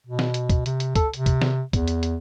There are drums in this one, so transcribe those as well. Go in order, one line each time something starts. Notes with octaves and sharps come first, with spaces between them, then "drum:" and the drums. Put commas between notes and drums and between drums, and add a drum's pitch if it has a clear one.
B2
drum: snare
drum: hi-hat
drum: kick, hi-hat
C3, drum: hi-hat
drum: hi-hat
A4, drum: kick, hi-hat
C3, drum: hi-hat
drum: kick, hi-hat
drum: snare
E2, drum: kick, hi-hat
drum: hi-hat
drum: hi-hat